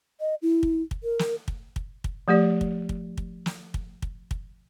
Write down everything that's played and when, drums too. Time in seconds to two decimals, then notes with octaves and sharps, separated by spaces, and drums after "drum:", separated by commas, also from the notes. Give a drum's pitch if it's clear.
0.20 D#5
0.42 E4
0.63 drum: kick
0.91 drum: kick
1.03 A#4
1.19 drum: snare
1.48 drum: kick
1.76 drum: kick
2.04 drum: kick
2.28 F3 A3 G4 D5
2.61 drum: kick
2.89 drum: kick
3.17 drum: kick
3.46 drum: snare
3.74 drum: kick
4.02 drum: kick
4.31 drum: kick